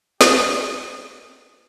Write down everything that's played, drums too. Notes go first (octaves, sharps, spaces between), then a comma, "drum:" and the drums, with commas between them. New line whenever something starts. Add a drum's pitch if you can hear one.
G4, drum: snare